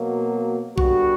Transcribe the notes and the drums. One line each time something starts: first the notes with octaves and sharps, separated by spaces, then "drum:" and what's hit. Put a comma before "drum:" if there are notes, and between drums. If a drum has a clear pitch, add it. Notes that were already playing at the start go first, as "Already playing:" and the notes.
Already playing: B2 F#3 A#3
D3 G3 B3 F#4, drum: kick B1